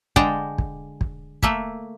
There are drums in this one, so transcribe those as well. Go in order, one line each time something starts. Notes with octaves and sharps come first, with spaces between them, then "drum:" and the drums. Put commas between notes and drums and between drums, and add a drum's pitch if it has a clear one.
D3 G#3 D5 G5 A5 A#5, drum: kick
drum: kick
drum: kick
A3 A#3 E5, drum: kick